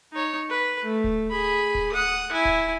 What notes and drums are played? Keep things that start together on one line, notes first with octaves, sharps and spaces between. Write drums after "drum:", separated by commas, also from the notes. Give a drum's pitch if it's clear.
D#4 C#5
B4
A3
drum: kick D1
G#4 B5
drum: kick D1
F#5 D#6
E4 G#5
drum: kick D1